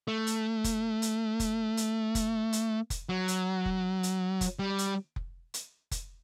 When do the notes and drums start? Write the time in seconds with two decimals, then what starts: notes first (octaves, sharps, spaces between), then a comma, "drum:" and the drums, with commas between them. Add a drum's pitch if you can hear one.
0.08 A3
0.27 drum: hi-hat
0.64 drum: kick F1, hi-hat
1.02 drum: hi-hat
1.40 drum: kick F1, hi-hat
1.77 drum: hi-hat
2.15 drum: kick F1, hi-hat
2.53 drum: hi-hat
2.90 drum: kick F1, hi-hat
3.09 F#3
3.28 drum: hi-hat
3.66 drum: kick F1
4.03 drum: hi-hat
4.41 drum: kick F1, hi-hat
4.59 G3
4.78 drum: hi-hat
5.16 drum: kick F1
5.54 drum: hi-hat
5.91 drum: kick F1, hi-hat